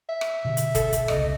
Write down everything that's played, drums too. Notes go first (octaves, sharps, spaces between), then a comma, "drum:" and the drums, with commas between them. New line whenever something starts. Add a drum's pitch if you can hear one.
E5
drum: rim click
B2 D3
drum: hi-hat
A4, drum: kick, hi-hat
drum: kick, hi-hat
E1 C2 C#3 D#5, drum: rim click